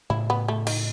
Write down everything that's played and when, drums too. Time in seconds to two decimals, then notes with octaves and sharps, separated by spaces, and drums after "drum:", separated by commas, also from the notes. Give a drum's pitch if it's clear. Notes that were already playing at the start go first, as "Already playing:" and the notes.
0.10 A2 C#3 E4
0.30 B3
0.48 A3
0.67 D#3, drum: cymbal